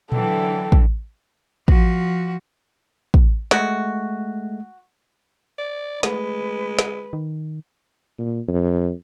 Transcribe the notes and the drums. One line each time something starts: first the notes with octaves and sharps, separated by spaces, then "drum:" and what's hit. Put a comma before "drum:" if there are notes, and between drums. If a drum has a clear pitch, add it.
D3 E3 F#3 A4 G5, drum: tom A#2
drum: kick
F3 F#4, drum: kick
drum: kick
G#3 A3 F#4, drum: snare
D5
G#3 A3 B4, drum: snare
drum: snare
D#3
A#2
F2